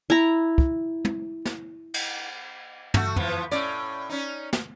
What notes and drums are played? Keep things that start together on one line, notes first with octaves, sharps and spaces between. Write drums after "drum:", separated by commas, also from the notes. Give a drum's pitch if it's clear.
E4 A#5
drum: kick
drum: tom
drum: snare
drum: cymbal
A3 F#4, drum: tom
E3 F3 B3, drum: tom
A2 C#4 D5, drum: hi-hat
C#4 D#4
drum: snare